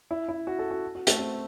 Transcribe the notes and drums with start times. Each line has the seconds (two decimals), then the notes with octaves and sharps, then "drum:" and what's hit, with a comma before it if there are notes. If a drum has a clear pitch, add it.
0.11 E4
0.28 E4
0.47 F#4
0.59 A4
0.71 F#4
0.95 F#4
1.07 A3, drum: hi-hat
1.19 C4